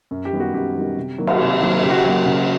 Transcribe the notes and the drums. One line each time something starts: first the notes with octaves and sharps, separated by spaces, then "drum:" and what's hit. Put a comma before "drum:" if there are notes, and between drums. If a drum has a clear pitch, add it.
F#2
G4
D#3 G3 B3
F#4
F#2 G4
D#3 G3 B3
C3
D#3 F#3 A#3
drum: cymbal
C3
D#3 F#3 A#3
C#3 G4
F#4
G4
F#3 A#3
C#3